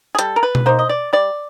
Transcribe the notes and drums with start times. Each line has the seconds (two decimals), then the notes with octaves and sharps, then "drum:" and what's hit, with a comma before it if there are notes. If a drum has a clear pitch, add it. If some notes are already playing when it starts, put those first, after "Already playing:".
0.15 G#4
0.19 G3 A4, drum: hi-hat
0.36 A#4
0.43 B4
0.55 drum: tom B2
0.66 A#3 D#4 C5
0.79 D#5
0.89 D5
1.13 G3 D5